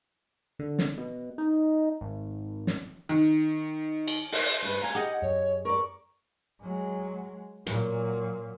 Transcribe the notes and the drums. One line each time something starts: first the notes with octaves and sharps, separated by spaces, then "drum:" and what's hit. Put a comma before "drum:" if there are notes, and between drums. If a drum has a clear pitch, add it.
D3
drum: snare
B2
D#4
G#1
drum: snare
D#3
drum: cymbal
drum: open hi-hat
G2 B4
F5 G#5 A#5
G4 G#4 D#5 F#5
F#2 C#5
A#4 D5 C#6
F#3 G#3
A#2 F#3, drum: hi-hat